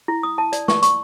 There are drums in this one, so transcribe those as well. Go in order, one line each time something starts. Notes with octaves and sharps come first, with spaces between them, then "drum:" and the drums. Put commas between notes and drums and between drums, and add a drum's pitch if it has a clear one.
E4
D#6
A5
D5, drum: hi-hat
C#6, drum: snare
C#6, drum: hi-hat